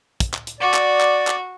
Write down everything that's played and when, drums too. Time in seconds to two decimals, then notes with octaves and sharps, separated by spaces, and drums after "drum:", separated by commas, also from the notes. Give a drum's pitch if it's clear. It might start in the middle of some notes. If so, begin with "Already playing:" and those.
0.20 drum: kick, hi-hat
0.34 drum: clap
0.47 drum: hi-hat
0.61 F#4 D5
0.74 drum: clap
1.01 drum: clap
1.27 drum: clap